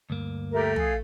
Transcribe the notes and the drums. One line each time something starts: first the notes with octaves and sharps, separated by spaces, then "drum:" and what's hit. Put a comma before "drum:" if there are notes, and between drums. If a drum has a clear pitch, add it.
D2 G2 A#3
A3 G4 A#4 E5
G#4 F5, drum: tom